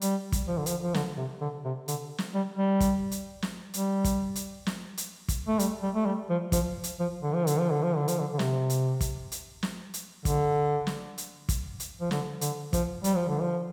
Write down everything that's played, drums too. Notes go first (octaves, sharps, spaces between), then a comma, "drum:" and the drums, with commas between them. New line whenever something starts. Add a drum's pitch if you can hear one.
G3, drum: hi-hat
drum: kick, hi-hat
F3
D3
F3, drum: hi-hat
F3
D3, drum: snare
C3
D3
C3
D3, drum: hi-hat
drum: snare
G3
G3
drum: kick, hi-hat
drum: hi-hat
drum: snare
G3, drum: hi-hat
drum: kick, hi-hat
drum: hi-hat
drum: snare
drum: hi-hat
drum: kick, hi-hat
A3
G3, drum: hi-hat
G3
A3
G3
F3
F3, drum: kick, hi-hat
drum: hi-hat
F3
D3
F3
D3, drum: hi-hat
F3
D3
F3
D3
F3, drum: hi-hat
D3
D3
C3, drum: snare
drum: hi-hat
drum: kick, hi-hat
drum: hi-hat
drum: snare
drum: hi-hat
D3, drum: kick, hi-hat
drum: snare
drum: hi-hat
drum: kick, hi-hat
drum: hi-hat
F3
D3, drum: snare
D3, drum: hi-hat
F3, drum: kick, hi-hat
G3, drum: hi-hat
F3
D3
F3